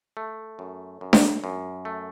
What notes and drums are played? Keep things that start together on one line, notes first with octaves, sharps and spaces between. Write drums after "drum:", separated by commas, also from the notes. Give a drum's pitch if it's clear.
A3
F#2
F#2
drum: snare D4
F#2
A3